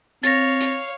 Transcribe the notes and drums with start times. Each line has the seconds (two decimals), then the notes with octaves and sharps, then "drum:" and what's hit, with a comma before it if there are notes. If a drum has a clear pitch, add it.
0.23 C4 C#5 F5 A6 A#6, drum: hi-hat
0.60 drum: hi-hat